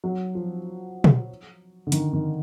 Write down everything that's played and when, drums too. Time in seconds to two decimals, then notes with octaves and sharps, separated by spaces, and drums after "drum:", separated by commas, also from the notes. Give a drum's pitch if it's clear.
0.04 F#3
0.35 F3
1.04 drum: tom
1.87 D3
1.92 D#3, drum: hi-hat
2.13 D#3